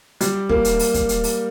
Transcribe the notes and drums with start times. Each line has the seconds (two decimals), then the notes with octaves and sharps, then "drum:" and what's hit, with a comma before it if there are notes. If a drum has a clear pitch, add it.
0.21 G3, drum: hi-hat
0.49 A#3, drum: kick
0.65 drum: hi-hat
0.79 drum: open hi-hat
0.94 drum: kick, hi-hat
1.09 drum: hi-hat
1.24 drum: open hi-hat